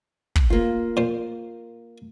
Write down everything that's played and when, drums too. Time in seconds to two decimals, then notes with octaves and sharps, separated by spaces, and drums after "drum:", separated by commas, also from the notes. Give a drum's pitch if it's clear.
0.36 drum: kick
0.50 A#3 F4
0.97 A#2 C5